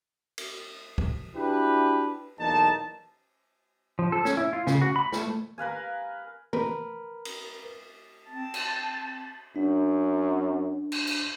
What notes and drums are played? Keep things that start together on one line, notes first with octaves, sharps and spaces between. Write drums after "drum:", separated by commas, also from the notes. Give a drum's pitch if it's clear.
drum: cymbal
drum: kick
D4 E4 F#4 G4 B4
B1 E2 A#3 D#4 A5
F3
A4
C#4, drum: snare
E4
F4
C#3, drum: snare
F#4
B5
A3, drum: snare
A#4 B4 F5 G#5
A#4 B4, drum: tom
drum: cymbal
C4 A5
drum: cymbal
F#2 D4
drum: cymbal
drum: cymbal